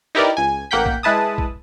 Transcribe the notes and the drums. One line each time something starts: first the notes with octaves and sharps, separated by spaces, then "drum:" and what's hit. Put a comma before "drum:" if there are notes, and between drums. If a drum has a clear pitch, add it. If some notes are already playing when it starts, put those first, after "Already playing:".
D#4 E4 G4 A#4 B4 D5
C#2 G#5
A1 A#3 F#5 G5 G6 B6
drum: kick A#1
G#3 E4 B4 A5 D#6
drum: kick A#1